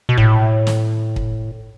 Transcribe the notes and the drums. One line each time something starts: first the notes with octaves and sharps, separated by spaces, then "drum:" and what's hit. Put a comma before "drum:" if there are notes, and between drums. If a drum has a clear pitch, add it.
B2
A2, drum: kick
drum: snare
drum: kick